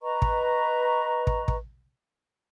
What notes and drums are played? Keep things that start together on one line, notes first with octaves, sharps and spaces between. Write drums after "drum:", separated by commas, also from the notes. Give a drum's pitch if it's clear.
B4 D#5 A#5 C#6
drum: kick
drum: kick
drum: kick